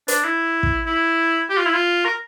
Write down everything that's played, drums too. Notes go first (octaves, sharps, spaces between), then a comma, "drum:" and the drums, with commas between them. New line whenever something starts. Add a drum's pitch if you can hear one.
D4, drum: hi-hat
E4
drum: kick
E4
G4
F4
E4
F4
A#4